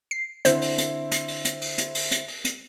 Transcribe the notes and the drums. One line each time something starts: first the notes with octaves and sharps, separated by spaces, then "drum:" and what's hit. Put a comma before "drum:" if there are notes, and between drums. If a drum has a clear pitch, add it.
C7
D3 C4 E4 C5, drum: hi-hat
drum: open hi-hat
drum: hi-hat
drum: hi-hat
drum: open hi-hat
drum: hi-hat
drum: open hi-hat
drum: hi-hat
drum: open hi-hat
drum: hi-hat
drum: open hi-hat
drum: hi-hat